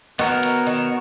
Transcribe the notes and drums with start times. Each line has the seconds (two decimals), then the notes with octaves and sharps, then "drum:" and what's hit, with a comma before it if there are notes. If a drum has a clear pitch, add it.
0.19 D#3 B3 F#4 A#4 C#5, drum: hi-hat
0.43 drum: hi-hat
0.67 D#3